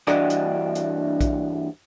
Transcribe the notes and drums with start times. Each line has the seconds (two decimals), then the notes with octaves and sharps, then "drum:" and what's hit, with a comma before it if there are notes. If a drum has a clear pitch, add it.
0.07 G2 E3 D4 F#4 D5 D#5, drum: rim click
0.30 drum: hi-hat
0.75 drum: hi-hat
1.21 drum: kick A#1, hi-hat